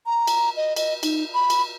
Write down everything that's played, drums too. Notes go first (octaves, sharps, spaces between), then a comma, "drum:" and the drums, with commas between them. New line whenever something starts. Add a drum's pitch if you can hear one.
A#5
drum: cymbal
D#5
D#5, drum: cymbal
D#4, drum: cymbal
B5
drum: cymbal